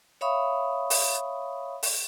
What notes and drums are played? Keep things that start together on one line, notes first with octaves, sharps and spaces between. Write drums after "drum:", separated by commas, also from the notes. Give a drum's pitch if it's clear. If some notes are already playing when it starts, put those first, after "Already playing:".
C#5 E5 F5 B5 C#6 D#6
drum: open hi-hat
drum: open hi-hat